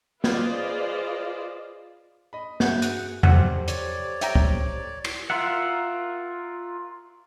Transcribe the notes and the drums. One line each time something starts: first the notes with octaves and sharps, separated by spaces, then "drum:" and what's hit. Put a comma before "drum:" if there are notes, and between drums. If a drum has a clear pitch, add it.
F4 G#4 B4 C5 D5 D#5, drum: snare
D#5 B5
G2 F#4 G#4 E5 G6 C#7, drum: snare
F#6, drum: hi-hat
G4 A4 C5 F#5, drum: tom
C#5 D5, drum: hi-hat
E5 G5 A#5, drum: hi-hat
drum: kick
drum: cymbal
F4 A#4 E5 F#5